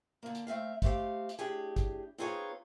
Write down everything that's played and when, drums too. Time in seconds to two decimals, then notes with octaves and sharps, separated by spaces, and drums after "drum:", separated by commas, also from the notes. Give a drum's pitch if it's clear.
0.23 D3 A#3
0.35 drum: hi-hat
0.47 A3 C4 E5 F5
0.82 A3 C4 G4 F5, drum: kick, hi-hat
1.29 drum: hi-hat
1.39 A2 D4 G4 G#4
1.76 drum: kick, hi-hat
2.18 C4 D#4 F4 G#4 B4 C#5